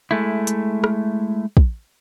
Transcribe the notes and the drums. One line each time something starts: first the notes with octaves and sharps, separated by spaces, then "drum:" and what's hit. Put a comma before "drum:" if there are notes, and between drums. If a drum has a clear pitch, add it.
G#3 A3 E4
drum: hi-hat
drum: rim click
drum: kick